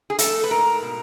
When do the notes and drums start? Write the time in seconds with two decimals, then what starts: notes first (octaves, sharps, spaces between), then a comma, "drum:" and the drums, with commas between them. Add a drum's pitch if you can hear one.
0.10 G#4
0.18 A3 A4, drum: hi-hat
0.43 B4
0.51 G#2 A#4
0.83 B2